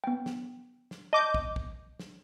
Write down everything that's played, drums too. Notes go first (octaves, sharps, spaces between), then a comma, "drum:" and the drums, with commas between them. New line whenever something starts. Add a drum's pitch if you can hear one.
B3 G5
drum: snare
drum: snare
D#5 A5 D6 G6
drum: kick
drum: kick
drum: snare